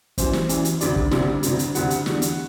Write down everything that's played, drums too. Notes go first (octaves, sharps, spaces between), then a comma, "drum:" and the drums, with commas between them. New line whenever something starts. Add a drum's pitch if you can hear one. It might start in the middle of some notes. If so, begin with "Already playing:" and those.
F#2 E3 G3 C5, drum: kick, hi-hat
drum: snare
F#2 E3 G3, drum: hi-hat
drum: hi-hat
D2 C3 G3 D5, drum: hi-hat
drum: kick
D2 C3 G3, drum: snare
D2 C3 G3, drum: hi-hat
drum: hi-hat
D2 C3 G3 F#5, drum: hi-hat
drum: hi-hat
E2 D3 G3, drum: snare
drum: hi-hat